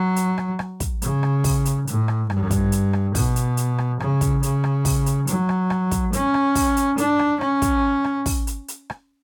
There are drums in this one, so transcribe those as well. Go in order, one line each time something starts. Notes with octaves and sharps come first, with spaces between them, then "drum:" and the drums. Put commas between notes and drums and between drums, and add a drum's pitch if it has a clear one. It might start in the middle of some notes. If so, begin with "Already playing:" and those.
Already playing: F#3
drum: hi-hat
drum: rim click
drum: rim click
drum: kick, hi-hat
C#3, drum: hi-hat
drum: rim click
drum: kick, open hi-hat
drum: hi-hat
A2, drum: hi-hat
drum: rim click
G2, drum: rim click
drum: kick, hi-hat
drum: hi-hat
drum: rim click
B2, drum: kick, open hi-hat
drum: hi-hat
drum: hi-hat
drum: rim click
C#3, drum: rim click
drum: kick, hi-hat
C#3, drum: hi-hat
drum: rim click
drum: kick, open hi-hat
drum: hi-hat
F#3, drum: hi-hat
drum: rim click
drum: rim click
drum: kick, hi-hat
C#4, drum: hi-hat
drum: rim click
drum: kick, open hi-hat
drum: hi-hat
D4, drum: hi-hat
drum: rim click
C#4, drum: rim click
drum: kick, hi-hat
drum: rim click
drum: kick, open hi-hat
drum: hi-hat
drum: hi-hat
drum: rim click